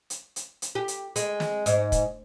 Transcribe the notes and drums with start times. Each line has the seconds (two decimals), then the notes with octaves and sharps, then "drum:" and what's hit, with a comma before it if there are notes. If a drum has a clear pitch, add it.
0.10 drum: hi-hat
0.36 drum: hi-hat
0.62 drum: hi-hat
0.75 G4
0.88 drum: hi-hat
1.16 G#3, drum: hi-hat
1.40 drum: snare
1.66 G#2, drum: hi-hat
1.92 drum: kick, hi-hat